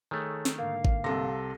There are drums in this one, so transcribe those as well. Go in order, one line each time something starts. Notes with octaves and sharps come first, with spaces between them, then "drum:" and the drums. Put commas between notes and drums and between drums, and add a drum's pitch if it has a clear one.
D#3 A3 G#4 A4 C#5
drum: snare
G#2 D3 A#3 F5
drum: kick G#1
C2 C3 A4 A#6